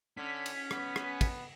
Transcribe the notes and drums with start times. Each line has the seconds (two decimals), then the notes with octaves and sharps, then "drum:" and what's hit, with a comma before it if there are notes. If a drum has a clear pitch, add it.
0.17 D3 C#4 B6
0.46 drum: cymbal
0.71 B3, drum: rim click
0.96 drum: rim click
1.21 drum: kick, cymbal